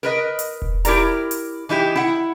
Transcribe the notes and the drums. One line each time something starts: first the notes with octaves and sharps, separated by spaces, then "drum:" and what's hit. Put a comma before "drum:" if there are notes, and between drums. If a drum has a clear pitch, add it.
A#4 B4 D#5
drum: hi-hat
drum: kick E1
E4 G4 A#4 D5 A#5, drum: hi-hat
drum: hi-hat
E3 D#4 E4 G4
E4 F#5